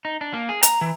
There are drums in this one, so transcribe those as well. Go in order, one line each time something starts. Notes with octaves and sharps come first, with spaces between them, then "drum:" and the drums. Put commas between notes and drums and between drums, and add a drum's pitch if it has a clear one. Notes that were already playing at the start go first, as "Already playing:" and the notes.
D#4
D4
A#3
G#4
A#5, drum: hi-hat
E3